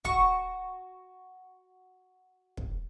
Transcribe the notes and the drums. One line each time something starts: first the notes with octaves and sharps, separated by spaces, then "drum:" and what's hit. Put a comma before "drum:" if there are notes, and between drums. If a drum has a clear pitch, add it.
F#4 C#6, drum: kick
drum: kick